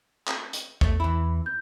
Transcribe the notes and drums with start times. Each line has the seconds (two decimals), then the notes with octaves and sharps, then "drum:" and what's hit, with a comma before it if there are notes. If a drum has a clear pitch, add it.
0.28 drum: clap
0.53 drum: hi-hat
0.81 E2 A3 C#5, drum: kick
1.00 E3 E4 B5
1.46 G6